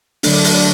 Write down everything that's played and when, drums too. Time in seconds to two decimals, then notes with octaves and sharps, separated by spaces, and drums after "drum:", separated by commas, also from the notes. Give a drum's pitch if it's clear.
0.23 D3 F#3 A3 D4, drum: open hi-hat
0.44 drum: open hi-hat